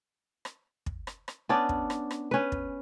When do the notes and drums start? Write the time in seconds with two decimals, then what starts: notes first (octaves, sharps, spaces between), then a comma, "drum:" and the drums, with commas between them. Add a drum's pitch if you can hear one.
0.45 drum: rim click
0.86 drum: kick
1.07 drum: rim click
1.28 drum: rim click
1.49 B3 C#4 D4 D5
1.69 drum: kick
1.90 drum: rim click
2.11 drum: rim click
2.31 C#4 B4
2.52 drum: kick